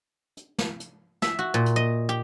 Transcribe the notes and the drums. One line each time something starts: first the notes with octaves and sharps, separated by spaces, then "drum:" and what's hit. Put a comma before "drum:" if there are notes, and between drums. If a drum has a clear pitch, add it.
drum: hi-hat
drum: snare
drum: hi-hat
E5, drum: snare
F#4
A#2
drum: hi-hat
D#5
G4